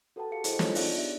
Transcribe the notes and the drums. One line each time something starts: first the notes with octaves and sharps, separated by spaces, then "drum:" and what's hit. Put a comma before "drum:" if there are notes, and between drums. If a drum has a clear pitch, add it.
F#4 A4 B4 F#5 G5 A5
G4 G#4 F5 C#7
E4 G#4 A4 C5 D#5, drum: hi-hat
D4 F4 G#4 C#5 A5, drum: snare
B3 D#4 D5 F#6, drum: open hi-hat
D4 G4 E5